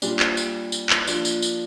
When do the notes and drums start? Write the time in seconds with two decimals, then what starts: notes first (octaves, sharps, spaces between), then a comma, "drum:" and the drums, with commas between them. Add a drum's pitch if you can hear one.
0.02 A#2 G3 D4 F4, drum: tambourine
0.20 drum: clap
0.37 drum: tambourine
0.72 drum: tambourine
0.90 drum: clap
1.07 F3 A#3 D4 F4, drum: tambourine
1.25 drum: tambourine
1.42 drum: tambourine